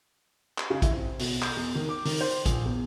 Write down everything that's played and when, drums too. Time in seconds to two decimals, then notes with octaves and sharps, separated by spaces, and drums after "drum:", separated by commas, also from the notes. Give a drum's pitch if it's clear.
0.58 drum: clap
0.70 C#3
0.82 E4, drum: kick A1, hi-hat
0.93 C4
1.19 B2, drum: open hi-hat
1.42 G6, drum: clap
1.57 E2
1.75 D#3
1.89 D6
2.05 D#3, drum: open hi-hat
2.21 C5
2.46 A#1, drum: kick A1, hi-hat
2.65 E2